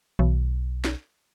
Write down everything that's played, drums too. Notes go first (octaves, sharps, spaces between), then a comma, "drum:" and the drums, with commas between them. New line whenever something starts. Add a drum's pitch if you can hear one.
B1, drum: tom D#3
drum: snare